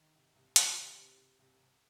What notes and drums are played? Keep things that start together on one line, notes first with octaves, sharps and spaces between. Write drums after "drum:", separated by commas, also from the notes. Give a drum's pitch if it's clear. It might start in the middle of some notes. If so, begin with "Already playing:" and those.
Already playing: D#3
C2
C2
D#3, drum: hi-hat
C3
C3
C3
C2 G4
C2